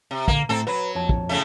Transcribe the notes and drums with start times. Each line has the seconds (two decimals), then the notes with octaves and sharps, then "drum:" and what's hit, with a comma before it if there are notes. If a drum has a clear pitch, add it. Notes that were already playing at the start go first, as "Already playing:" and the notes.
0.11 C3
0.28 D3 A#3, drum: kick
0.49 A2 C4 A4 A#5
0.67 F#3 B4 B5
0.95 F2 C#5 A5
1.09 drum: kick
1.29 A2 C#3 A3